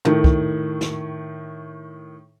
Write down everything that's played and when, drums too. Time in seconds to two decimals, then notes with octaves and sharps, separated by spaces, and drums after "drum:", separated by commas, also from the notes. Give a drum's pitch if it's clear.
0.05 A2 D#3, drum: tom
0.24 drum: kick
0.81 drum: snare